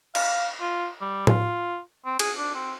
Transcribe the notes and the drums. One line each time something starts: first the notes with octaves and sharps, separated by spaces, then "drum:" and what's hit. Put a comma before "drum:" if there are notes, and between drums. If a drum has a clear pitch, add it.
F5, drum: cymbal
F4
G3
F4, drum: tom A2
C4
G#4, drum: cymbal
D4
C4